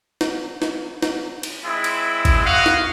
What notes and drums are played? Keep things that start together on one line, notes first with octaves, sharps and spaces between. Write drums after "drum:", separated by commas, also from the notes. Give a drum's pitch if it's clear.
drum: snare
drum: snare
drum: snare
drum: cymbal
G#3 C4 E4
drum: cymbal
drum: kick G#1, cymbal
F#4 D#5 F5 F#5
drum: snare